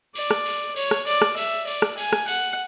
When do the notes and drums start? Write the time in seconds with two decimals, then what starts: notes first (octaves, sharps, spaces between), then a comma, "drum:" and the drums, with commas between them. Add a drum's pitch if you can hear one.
0.15 D5, drum: cymbal
0.31 drum: rim click
0.46 drum: cymbal
0.76 C#5, drum: cymbal
0.91 drum: rim click
1.07 D5, drum: cymbal
1.22 drum: rim click
1.37 E5, drum: cymbal
1.67 D5, drum: cymbal
1.82 drum: rim click
1.98 G#5, drum: cymbal
2.13 drum: rim click
2.28 F#5, drum: cymbal